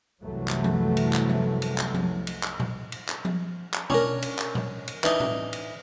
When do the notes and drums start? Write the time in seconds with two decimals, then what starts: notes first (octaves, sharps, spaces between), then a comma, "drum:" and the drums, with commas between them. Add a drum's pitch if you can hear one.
0.22 C2 F#2 E3 F#3 A3
0.48 drum: clap
0.64 drum: tom F3
0.97 drum: cymbal
1.13 drum: clap
1.29 drum: tom F3
1.62 drum: cymbal
1.78 drum: clap
1.94 drum: tom F3
2.27 drum: cymbal
2.43 drum: clap
2.60 drum: tom A#2
2.92 drum: cymbal
3.08 drum: clap
3.25 drum: tom F3
3.74 drum: clap
3.90 C#4 D4 A#4, drum: tom
4.22 drum: cymbal
4.39 drum: clap
4.55 drum: tom A#2
4.88 drum: cymbal
5.04 E3 D4 D#4, drum: clap
5.20 drum: tom A2
5.53 drum: cymbal